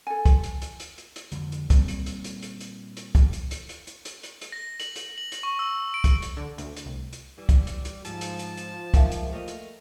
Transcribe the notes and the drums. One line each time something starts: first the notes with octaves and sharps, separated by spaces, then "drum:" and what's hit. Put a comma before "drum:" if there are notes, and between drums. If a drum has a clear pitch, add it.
A4 G#5
drum: kick, hi-hat
drum: hi-hat
drum: hi-hat
drum: hi-hat
drum: hi-hat
drum: hi-hat
F2 D3, drum: hi-hat
drum: hi-hat
A#2 G3 C4, drum: kick, hi-hat
drum: hi-hat
drum: hi-hat
drum: hi-hat
drum: hi-hat
drum: hi-hat
drum: hi-hat
drum: kick, hi-hat
drum: hi-hat
drum: hi-hat
drum: hi-hat
drum: hi-hat
drum: hi-hat
drum: hi-hat
drum: hi-hat
A#6
F#7, drum: hi-hat
drum: hi-hat
F#7
drum: hi-hat
C#6
E6
D7
drum: kick, hi-hat
drum: hi-hat
D3
D2, drum: hi-hat
drum: hi-hat
C2
drum: hi-hat
E3 G3
drum: kick, hi-hat
drum: hi-hat
drum: hi-hat
G#2 F3 A5, drum: hi-hat
drum: hi-hat
drum: hi-hat
drum: hi-hat
A#2 D#3 G#3 E5 F5 G5, drum: kick, hi-hat
drum: hi-hat
A3 A#3 D#5
drum: hi-hat